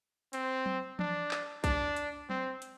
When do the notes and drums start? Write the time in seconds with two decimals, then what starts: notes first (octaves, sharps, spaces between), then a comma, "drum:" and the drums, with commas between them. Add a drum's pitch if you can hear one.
0.33 C4, drum: hi-hat
0.66 drum: tom F#3
0.99 D4, drum: tom E3
1.31 drum: clap
1.64 D4, drum: kick A#1, hi-hat
1.96 drum: hi-hat
2.30 C4, drum: tom F#3
2.62 drum: hi-hat